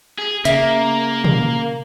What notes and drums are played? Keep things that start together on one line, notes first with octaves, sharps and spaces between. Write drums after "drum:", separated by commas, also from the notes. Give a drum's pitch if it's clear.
G#4
C#3 A#3 E5, drum: hi-hat
drum: tom